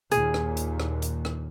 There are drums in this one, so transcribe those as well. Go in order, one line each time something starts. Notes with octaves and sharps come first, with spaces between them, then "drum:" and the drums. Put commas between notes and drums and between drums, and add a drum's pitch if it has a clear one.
D#2 A#2 G#4, drum: hi-hat
drum: rim click
drum: hi-hat
drum: rim click
drum: hi-hat
drum: rim click